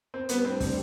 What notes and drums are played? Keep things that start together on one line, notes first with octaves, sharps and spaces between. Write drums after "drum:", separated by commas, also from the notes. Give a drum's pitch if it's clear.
C4
A2 G3 B3 D4 G4, drum: hi-hat
C4
C4, drum: kick, open hi-hat